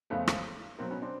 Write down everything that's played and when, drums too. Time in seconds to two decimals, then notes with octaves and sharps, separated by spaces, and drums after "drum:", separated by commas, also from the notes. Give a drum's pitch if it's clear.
0.10 F2 C#3 F3 A3 B3
0.27 drum: rim click
0.78 B2 F#3 A#3 C4
0.91 B3 C#4
1.01 C4 D4